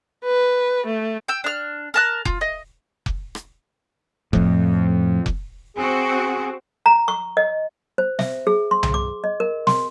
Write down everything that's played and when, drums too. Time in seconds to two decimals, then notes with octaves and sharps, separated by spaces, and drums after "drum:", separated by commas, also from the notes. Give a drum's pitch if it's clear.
0.25 B4
0.86 A3
1.28 G5 E6
1.44 D4 F6
1.94 A#4 A5 F#6
2.25 F4, drum: kick F1
2.41 D#5
3.06 drum: kick F1
3.35 drum: rim click
4.33 F2 A2 F3, drum: kick F1
5.26 drum: kick F1
5.76 C4 F#4 G#4
6.86 A#5
7.08 C#6
7.37 D#5
7.98 C5
8.19 E5, drum: snare
8.47 G#4
8.71 C6
8.83 drum: tom C2
8.94 D6
9.24 D#5
9.40 A#4
9.67 C6, drum: snare